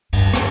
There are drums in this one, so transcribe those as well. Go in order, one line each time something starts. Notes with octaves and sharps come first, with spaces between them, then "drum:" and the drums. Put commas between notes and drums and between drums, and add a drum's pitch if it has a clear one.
G2, drum: cymbal
drum: rim click